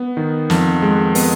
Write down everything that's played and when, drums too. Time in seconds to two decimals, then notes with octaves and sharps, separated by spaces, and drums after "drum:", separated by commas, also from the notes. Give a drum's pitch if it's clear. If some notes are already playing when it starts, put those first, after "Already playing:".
Already playing: B3
0.17 D#3
0.50 F2, drum: snare
0.82 G#3
1.15 B3, drum: open hi-hat